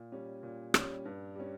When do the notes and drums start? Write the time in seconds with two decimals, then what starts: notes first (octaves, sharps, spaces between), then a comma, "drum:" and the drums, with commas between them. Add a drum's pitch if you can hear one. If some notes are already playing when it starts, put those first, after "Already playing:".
Already playing: A#2
0.12 G3 C#4
0.43 A#2
0.74 G3 C#4, drum: rim click
1.05 G2
1.35 G3 C#4